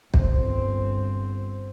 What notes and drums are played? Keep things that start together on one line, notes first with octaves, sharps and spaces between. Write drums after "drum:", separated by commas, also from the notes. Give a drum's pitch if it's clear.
G1 C4, drum: kick